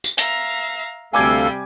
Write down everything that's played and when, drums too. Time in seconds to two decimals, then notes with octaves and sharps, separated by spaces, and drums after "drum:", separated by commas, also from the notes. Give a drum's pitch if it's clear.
0.04 drum: tambourine
0.18 E5 F5 A#5, drum: hi-hat
1.13 D2 C3 G3 A4 F5 G#5 D6 G#6